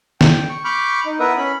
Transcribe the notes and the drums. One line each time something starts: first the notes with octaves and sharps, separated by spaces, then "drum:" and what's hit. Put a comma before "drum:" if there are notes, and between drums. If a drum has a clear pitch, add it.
G5, drum: snare
C#6
B5 C#6 D6 F6 G6
D#4
B3 E4 A#4 B4 E5 D#6
C#4 B5